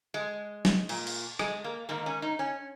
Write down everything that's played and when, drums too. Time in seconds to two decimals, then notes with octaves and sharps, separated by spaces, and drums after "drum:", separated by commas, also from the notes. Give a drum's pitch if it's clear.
0.14 G#3
0.65 drum: snare
0.89 A#2, drum: cymbal
1.07 drum: cymbal
1.39 G#3, drum: rim click
1.64 A#3
1.89 G#2 D#3 A#3
2.06 C#4
2.22 D#4
2.39 C#4